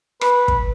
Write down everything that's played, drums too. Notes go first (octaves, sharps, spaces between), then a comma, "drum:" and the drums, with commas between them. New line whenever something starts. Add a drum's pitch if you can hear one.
B4, drum: rim click
drum: kick